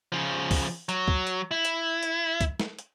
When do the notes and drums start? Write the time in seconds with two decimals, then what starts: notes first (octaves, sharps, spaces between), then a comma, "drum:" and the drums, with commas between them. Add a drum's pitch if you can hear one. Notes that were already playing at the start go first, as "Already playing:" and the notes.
0.12 C#3 F3
0.51 drum: kick, open hi-hat
0.89 F#3, drum: hi-hat
1.08 drum: kick
1.27 drum: hi-hat
1.51 E4
1.65 drum: hi-hat
2.03 drum: hi-hat
2.41 drum: kick, hi-hat
2.60 drum: snare
2.79 drum: hi-hat